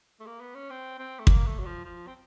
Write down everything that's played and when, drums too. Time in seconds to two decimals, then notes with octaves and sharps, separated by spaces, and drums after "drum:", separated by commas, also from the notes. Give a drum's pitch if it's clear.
0.20 A3
0.26 A#3
0.41 B3
0.55 C#4
0.70 C4
0.98 C4
1.19 A3
1.27 A#3, drum: kick
1.46 A3
1.59 F#3
1.65 F3
1.84 F3
2.07 C4